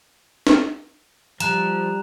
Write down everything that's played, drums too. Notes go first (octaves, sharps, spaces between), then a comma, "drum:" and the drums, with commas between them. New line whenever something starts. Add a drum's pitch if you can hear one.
drum: snare
F3 G3 A#5 F#6 E7 F7, drum: hi-hat